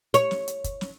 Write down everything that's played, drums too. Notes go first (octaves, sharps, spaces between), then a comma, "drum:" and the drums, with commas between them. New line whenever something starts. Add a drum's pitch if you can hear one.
C#5, drum: hi-hat
drum: snare
drum: hi-hat
drum: kick, hi-hat
drum: snare